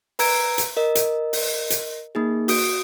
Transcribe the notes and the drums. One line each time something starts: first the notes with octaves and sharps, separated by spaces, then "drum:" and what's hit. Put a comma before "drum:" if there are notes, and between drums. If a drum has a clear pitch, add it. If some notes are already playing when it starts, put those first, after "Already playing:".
B4 A#5 E6 G#6 D7, drum: open hi-hat
drum: hi-hat
A#4 D#5
drum: hi-hat
drum: open hi-hat
drum: hi-hat
A#3 D#4 G#4
F#4 D#6 D7, drum: open hi-hat